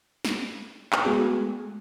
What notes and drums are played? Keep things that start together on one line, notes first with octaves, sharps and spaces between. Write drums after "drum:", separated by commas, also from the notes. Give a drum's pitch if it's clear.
drum: snare
drum: clap
G#3 A3 B3 F#4 G#4